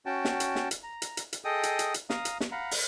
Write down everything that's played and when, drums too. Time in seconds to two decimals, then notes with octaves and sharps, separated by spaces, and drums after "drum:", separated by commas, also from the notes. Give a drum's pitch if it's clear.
0.06 C#4 F#4 G5 A5
0.25 drum: snare
0.40 drum: hi-hat
0.55 drum: snare
0.71 drum: hi-hat
0.83 A#5
1.02 drum: hi-hat
1.17 drum: hi-hat
1.33 drum: hi-hat
1.45 G#4 A4 D#5 G5 D#6
1.63 drum: hi-hat
1.79 drum: hi-hat
1.94 drum: hi-hat
2.10 F5 A#5 D#6, drum: snare
2.25 drum: hi-hat
2.40 drum: snare
2.52 F5 F#5 A#5 B5
2.71 drum: open hi-hat